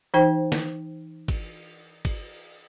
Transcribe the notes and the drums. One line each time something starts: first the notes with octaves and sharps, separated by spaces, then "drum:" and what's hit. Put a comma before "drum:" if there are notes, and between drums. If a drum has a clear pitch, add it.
E3 D#4 C5 G5
drum: snare
drum: kick, cymbal
drum: kick, cymbal